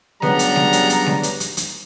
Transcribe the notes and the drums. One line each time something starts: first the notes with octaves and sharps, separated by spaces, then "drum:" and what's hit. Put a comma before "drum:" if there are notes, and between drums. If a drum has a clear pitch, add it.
C#3 F#3 G3 B3 D4 A#5, drum: snare
drum: hi-hat
drum: snare
drum: hi-hat
drum: hi-hat
drum: snare
drum: hi-hat
drum: hi-hat
drum: hi-hat